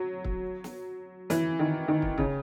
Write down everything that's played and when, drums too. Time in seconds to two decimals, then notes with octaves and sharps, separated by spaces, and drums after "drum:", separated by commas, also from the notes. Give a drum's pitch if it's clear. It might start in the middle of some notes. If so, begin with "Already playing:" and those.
Already playing: F#3
0.24 drum: kick
0.64 drum: snare
1.30 E3, drum: hi-hat
1.59 D#3
1.88 D#3
2.02 drum: kick
2.18 C#3, drum: kick